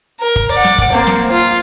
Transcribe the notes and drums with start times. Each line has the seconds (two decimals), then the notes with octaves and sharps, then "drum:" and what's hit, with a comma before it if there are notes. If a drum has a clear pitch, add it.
0.20 A#4
0.36 drum: kick
0.51 D5 F#5
0.64 drum: snare
0.78 drum: kick
0.92 A#3 C4
1.07 drum: snare
1.31 F4